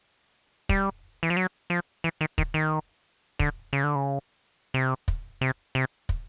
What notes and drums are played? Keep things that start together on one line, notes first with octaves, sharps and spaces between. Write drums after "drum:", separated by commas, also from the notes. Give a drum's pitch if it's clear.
G3, drum: kick
E3
F3
F#3
F3
E3
D#3
D#3, drum: kick
D#3
D3, drum: kick
C#3
D3
C#3
C3
drum: kick
C3
C3
drum: kick